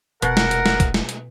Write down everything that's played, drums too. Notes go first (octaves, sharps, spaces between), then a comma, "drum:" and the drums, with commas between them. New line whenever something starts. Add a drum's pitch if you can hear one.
F1 B2 A#4 F#5, drum: hi-hat
drum: snare
drum: hi-hat
drum: snare
drum: kick, hi-hat
drum: snare
drum: hi-hat